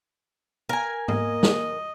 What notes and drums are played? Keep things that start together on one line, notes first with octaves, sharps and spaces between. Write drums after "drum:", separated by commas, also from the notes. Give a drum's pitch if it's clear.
A#4 G#5
A#3 D#5, drum: tom G#2
drum: snare